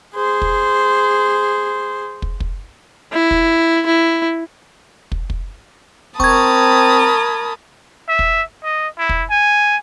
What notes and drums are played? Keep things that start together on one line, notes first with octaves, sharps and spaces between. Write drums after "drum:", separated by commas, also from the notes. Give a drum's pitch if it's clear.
G#4 C5
drum: kick
drum: kick
drum: kick
E4
drum: kick
E4
drum: kick
drum: kick
C4 A#4 A5 B5 C#6 D#6 G#6, drum: kick
E5
drum: kick
D#5
E4
drum: kick
G#5